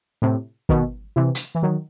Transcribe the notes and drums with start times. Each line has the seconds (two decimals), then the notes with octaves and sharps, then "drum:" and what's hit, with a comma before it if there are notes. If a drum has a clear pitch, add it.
0.22 A2 C3
0.69 B2 D#3, drum: kick
1.16 C3 E3
1.35 drum: hi-hat
1.55 E3
1.63 D#3 F#3